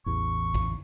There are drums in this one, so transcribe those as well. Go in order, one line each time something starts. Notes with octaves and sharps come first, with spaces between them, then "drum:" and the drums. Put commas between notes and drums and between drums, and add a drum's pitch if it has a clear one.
A1 E2 C#6
drum: kick